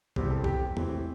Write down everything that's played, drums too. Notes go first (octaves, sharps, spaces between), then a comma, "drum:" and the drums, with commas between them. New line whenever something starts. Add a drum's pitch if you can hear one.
E2 C3 G3 C4 G4, drum: kick
A4
G4, drum: kick
A2 E3 C4, drum: tom E2